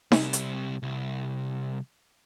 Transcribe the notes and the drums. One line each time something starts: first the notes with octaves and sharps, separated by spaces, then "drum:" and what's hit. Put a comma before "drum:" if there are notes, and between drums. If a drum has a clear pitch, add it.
C3 G3, drum: snare D#4
drum: hi-hat
C2